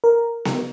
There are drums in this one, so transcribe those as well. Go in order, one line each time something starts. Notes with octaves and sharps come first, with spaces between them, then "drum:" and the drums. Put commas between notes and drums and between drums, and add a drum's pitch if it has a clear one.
A#4
drum: snare B3